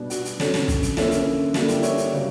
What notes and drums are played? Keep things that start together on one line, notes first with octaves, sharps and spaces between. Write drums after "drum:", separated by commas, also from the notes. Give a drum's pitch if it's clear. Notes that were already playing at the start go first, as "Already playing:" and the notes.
Already playing: B2 G3 B3 D4
F#4, drum: hi-hat
drum: hi-hat
D3 F#3 C#4, drum: snare
drum: snare
drum: kick, hi-hat
drum: hi-hat
D3 A#3 C#4 E4, drum: snare
drum: hi-hat
D3 G3 A#3 D4 F#4, drum: snare
E4 G4, drum: hi-hat
C#5 E5, drum: hi-hat
drum: hi-hat
C#3 F#3